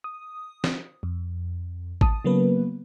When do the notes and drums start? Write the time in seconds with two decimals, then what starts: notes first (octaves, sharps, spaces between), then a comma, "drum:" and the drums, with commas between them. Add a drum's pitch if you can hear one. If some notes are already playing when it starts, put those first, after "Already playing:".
0.04 D#6
0.64 drum: snare
1.03 F2
2.01 A5 D#6, drum: kick G#1
2.24 C#3 F#3 A#3 B3 B4